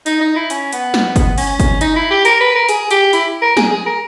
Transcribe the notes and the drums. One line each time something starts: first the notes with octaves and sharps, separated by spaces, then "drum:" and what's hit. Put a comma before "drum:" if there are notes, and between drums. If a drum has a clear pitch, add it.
D#4, drum: hi-hat
D#4
E4
C#4, drum: hi-hat
B3, drum: hi-hat
drum: snare
drum: kick, hi-hat
C#4, drum: open hi-hat
drum: kick, hi-hat
D#4, drum: hi-hat
E4
G4
A#4, drum: hi-hat
B4
A#4
G#4, drum: hi-hat
G4, drum: hi-hat
E4, drum: hi-hat
A#4
G#4, drum: snare
G#4
A#4